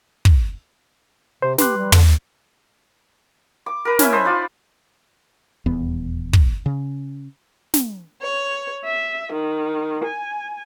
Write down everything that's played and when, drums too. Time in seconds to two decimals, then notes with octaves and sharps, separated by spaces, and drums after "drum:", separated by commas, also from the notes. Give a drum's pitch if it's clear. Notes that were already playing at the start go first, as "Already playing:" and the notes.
0.25 drum: kick
1.42 C3 C5
1.58 G4 B4 C6 F#6, drum: snare
1.76 G3
1.92 D3, drum: tom
3.66 D6
3.85 A#4 B4
3.99 C#4 E4 B4 E5, drum: snare
4.12 B4 C5 D#5 A5
4.25 D#4 F4 D5
5.66 D#1 E2 B3
6.33 drum: kick
6.66 C#3
7.74 drum: snare
8.20 C#5
8.85 E5
9.32 D#3
10.04 G#5